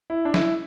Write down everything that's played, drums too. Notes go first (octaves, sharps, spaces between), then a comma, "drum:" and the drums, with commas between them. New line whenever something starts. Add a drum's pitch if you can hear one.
E4
D4
E4, drum: snare